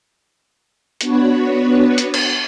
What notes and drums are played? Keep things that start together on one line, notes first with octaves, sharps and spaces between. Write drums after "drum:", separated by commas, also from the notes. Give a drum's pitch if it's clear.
B3 D4 F#4 B4 C#5, drum: hi-hat
drum: hi-hat
drum: cymbal